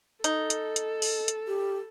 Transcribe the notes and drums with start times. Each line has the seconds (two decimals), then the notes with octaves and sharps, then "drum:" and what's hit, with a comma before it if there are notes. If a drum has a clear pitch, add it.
0.24 D#4 A4, drum: hi-hat
0.50 drum: hi-hat
0.76 drum: hi-hat
1.02 drum: open hi-hat
1.28 drum: hi-hat
1.47 G4